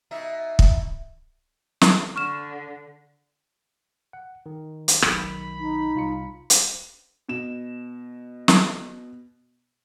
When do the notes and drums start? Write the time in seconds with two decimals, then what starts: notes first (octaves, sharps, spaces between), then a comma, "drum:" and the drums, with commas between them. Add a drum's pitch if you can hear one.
0.11 B2 D#4 E5
0.59 drum: kick
1.81 drum: snare
2.16 D3 C#6 F6 E7
4.13 F#5
4.46 D#3
4.88 drum: hi-hat
5.02 B1 D#3 B5, drum: rim click
5.59 D#4
5.95 C2 F4 C#7
6.50 drum: hi-hat
7.29 B2 E7
8.48 drum: snare